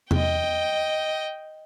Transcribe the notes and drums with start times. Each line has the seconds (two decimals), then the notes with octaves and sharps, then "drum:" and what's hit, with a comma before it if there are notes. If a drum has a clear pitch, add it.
0.11 D#5 G5, drum: tom E2